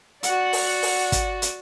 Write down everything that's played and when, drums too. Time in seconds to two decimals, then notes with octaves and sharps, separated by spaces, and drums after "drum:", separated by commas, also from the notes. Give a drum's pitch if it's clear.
0.23 F#4 D5 F#5, drum: hi-hat
0.53 drum: open hi-hat
0.83 drum: open hi-hat
1.12 drum: kick, hi-hat
1.42 drum: hi-hat